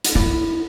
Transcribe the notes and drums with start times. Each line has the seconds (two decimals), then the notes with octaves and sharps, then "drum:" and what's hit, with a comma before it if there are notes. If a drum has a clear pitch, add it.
0.05 drum: hi-hat
0.15 E4